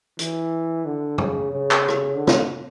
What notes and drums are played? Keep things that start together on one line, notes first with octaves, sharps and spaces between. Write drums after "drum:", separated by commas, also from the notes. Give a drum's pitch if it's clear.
E3, drum: hi-hat
D3
C#3, drum: tom
C#3
drum: clap
drum: rim click
D3
drum: snare